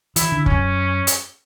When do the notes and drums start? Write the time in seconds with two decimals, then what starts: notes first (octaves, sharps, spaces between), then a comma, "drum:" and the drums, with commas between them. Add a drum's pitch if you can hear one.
0.16 E3 E4, drum: hi-hat
0.32 D3
0.46 F#2 C#4, drum: kick
1.07 drum: hi-hat